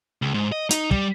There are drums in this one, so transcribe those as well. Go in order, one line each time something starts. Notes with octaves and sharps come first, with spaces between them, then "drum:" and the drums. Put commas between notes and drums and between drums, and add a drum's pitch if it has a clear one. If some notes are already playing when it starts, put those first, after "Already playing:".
C#2
G#2
D#5
D#4, drum: hi-hat
G3, drum: kick